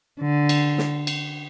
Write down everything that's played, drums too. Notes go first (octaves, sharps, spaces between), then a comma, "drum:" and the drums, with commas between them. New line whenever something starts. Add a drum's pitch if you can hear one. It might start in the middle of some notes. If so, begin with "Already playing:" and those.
D3
drum: cymbal
drum: snare
drum: cymbal